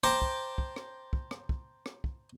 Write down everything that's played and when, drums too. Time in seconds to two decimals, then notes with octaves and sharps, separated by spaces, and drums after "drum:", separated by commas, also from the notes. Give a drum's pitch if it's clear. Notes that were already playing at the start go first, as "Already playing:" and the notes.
0.03 C5 G5 A5 A#5 D6, drum: rim click
0.22 drum: kick
0.58 drum: kick
0.76 drum: rim click
1.13 drum: kick
1.31 drum: rim click
1.49 drum: kick
1.86 drum: rim click
2.04 drum: kick